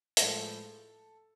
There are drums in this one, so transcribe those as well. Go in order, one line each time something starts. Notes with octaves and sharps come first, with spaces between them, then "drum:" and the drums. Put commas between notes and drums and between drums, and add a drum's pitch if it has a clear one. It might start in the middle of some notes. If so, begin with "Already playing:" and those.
A2 F3 G#3 A4, drum: hi-hat